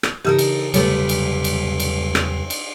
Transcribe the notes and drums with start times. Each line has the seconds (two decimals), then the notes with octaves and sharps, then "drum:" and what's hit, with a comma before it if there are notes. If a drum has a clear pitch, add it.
0.03 drum: rim click
0.25 C#3 E3 D#4 G4 A4 A#4
0.39 drum: cymbal
0.74 E2 C#3 F#3 G3 A3 A4 B4 C#5, drum: cymbal
1.09 drum: cymbal
1.44 drum: cymbal
1.80 drum: cymbal
2.15 drum: rim click
2.50 drum: cymbal